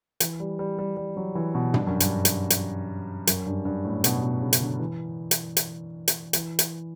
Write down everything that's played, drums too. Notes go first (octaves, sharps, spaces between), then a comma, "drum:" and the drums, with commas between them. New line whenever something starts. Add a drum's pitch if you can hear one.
E3, drum: hi-hat
G3
G3
G3
G3
F#3
E3
B2
G2, drum: tom
F#2
G2, drum: hi-hat
drum: hi-hat
drum: hi-hat
F#2, drum: hi-hat
G2
G2
A2
B2, drum: hi-hat
B2
C#3
C#3, drum: hi-hat
D3
E3
drum: hi-hat
drum: hi-hat
drum: hi-hat
E3, drum: hi-hat
drum: hi-hat